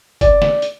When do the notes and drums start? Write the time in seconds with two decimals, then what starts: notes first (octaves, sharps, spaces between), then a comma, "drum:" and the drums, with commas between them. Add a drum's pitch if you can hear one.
0.21 D5, drum: kick, hi-hat
0.42 drum: snare
0.62 drum: hi-hat